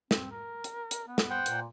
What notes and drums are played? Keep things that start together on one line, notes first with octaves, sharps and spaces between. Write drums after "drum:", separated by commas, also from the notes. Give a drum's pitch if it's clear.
C4, drum: snare
A#4
drum: hi-hat
drum: hi-hat
B3
drum: snare
C5 F#5 G5
A#2, drum: hi-hat